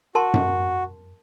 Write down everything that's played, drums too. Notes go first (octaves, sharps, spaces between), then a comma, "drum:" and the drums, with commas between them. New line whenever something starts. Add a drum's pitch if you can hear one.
F#4 A#4 A5 C6
drum: tom F#2